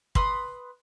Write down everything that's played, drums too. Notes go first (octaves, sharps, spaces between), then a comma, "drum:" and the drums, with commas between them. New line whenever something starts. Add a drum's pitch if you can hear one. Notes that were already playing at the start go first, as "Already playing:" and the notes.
B4 B5 C6 D#6, drum: kick